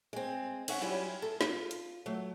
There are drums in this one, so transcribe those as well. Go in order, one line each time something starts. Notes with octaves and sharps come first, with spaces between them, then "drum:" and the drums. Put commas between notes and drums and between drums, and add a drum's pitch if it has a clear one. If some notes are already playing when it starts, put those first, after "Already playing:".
G#3 C4
C4 C#4 E5 F#5, drum: cymbal
F#3 G3 C#4 E4 F4 G4
A4
F4, drum: snare
drum: hi-hat
F#3 A3